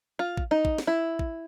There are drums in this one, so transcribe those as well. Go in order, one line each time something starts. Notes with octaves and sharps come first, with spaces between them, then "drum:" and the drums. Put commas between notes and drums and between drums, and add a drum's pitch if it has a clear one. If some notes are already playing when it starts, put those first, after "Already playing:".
F4
drum: kick
D#4
drum: kick
drum: snare
E4
drum: kick